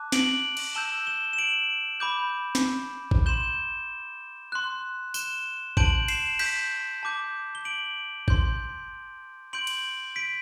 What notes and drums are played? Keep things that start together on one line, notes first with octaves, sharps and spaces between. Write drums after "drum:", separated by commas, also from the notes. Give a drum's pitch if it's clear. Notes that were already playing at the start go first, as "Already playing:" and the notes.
Already playing: A5 D6 F#6
D7 F#7, drum: snare
drum: cymbal
A5 E6 G6 E7 G7
E7 G7
E7
D7 F#7
B5 D6 G6
drum: snare
drum: kick G#1
C6 G6 E7 G7
C6 F#6
E7 G7, drum: tambourine
A5 C6 G6 D7 F#7, drum: kick G#1
C7 E7, drum: cymbal
G6 B6, drum: cymbal
A5 D6 G6
G7
D7 F#7
C6 G6, drum: kick G#1
C6 G6 D7 F#7
drum: cymbal
B6 D7